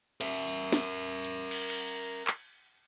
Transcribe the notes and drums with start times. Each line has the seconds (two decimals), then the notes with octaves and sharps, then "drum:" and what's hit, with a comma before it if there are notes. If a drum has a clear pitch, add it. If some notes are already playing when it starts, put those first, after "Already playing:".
0.21 A#4 E5, drum: cymbal
0.47 drum: tambourine
0.73 drum: snare
1.25 drum: hi-hat
1.51 drum: cymbal
1.70 drum: cymbal
2.27 drum: clap